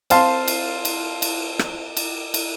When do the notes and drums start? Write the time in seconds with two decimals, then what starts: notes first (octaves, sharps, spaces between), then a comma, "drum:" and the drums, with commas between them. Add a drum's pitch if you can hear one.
0.10 C4 F5 A5 C6, drum: cymbal
0.48 drum: cymbal
0.85 drum: cymbal
1.22 drum: cymbal
1.59 drum: rim click
1.97 drum: cymbal
2.34 drum: cymbal